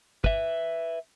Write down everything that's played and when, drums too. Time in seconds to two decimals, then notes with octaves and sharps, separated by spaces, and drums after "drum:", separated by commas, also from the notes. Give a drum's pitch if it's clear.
0.24 B4 E5, drum: kick